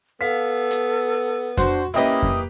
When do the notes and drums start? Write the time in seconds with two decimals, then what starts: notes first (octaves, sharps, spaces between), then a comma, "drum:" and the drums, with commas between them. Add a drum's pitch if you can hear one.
0.21 B3 A4 F5 B6
0.71 drum: hi-hat
1.58 D4 F#4 C5, drum: kick F2, hi-hat
1.94 A#3 C#4 E4 G4 B4 D#5
2.23 drum: kick F2